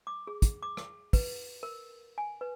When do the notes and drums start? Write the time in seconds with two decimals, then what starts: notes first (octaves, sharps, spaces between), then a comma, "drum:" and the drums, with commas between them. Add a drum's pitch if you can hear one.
0.07 D6
0.27 G#4
0.42 drum: kick, hi-hat
0.63 D6
0.77 drum: rim click
1.13 B4, drum: kick, open hi-hat
1.63 A#4
2.18 G#5
2.41 B4